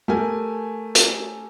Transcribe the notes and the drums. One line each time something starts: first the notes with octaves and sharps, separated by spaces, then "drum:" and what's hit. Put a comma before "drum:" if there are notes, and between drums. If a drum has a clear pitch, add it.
A3 G4 A#4 G#5
drum: hi-hat